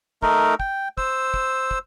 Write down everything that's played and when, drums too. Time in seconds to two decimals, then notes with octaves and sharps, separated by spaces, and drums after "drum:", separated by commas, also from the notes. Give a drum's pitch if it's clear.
0.23 A3 D#4 A#4, drum: kick
0.60 G5, drum: kick
0.98 C5 E6, drum: kick
1.34 drum: kick
1.71 drum: kick